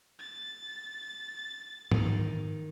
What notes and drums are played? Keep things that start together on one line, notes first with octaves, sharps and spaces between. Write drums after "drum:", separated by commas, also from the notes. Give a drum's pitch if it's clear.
A6
D#3, drum: tom G#2